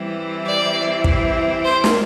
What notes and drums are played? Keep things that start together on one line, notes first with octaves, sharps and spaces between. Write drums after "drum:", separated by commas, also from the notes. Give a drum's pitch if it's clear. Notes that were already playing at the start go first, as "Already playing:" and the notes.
Already playing: E3 G3 C4 E4
D5
drum: kick
C5
drum: snare